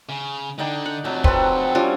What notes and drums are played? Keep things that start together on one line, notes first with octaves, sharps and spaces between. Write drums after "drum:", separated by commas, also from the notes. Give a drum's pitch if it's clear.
C#3
D3 D#4 D5 G5
F#5
F2 C3 F#3 A5
C4 F#4 A4 B4, drum: kick
G3 C#4 D4 F4